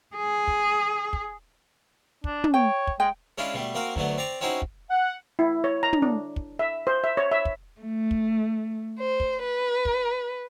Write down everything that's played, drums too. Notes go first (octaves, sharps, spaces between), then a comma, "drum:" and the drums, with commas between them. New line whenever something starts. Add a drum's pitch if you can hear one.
G#4
drum: kick
drum: kick
D4, drum: kick
drum: tom
C#5 G5
drum: kick
G#3 G5
G#3 C#4 D4 E4 F4
B2 G3 A3
A#3 C4 F#4 A#4
D2 D3 F#3 A3 B3, drum: kick
C4 D5 A#5 C#6
C4 C#4 D#4 E4 F#4 C5
drum: kick
F#5
E4
C#5
A#5
drum: tom
D4
drum: kick
E5
C5
E5
C#5
E5
drum: kick
A3
drum: kick
C5
drum: kick
B4
drum: kick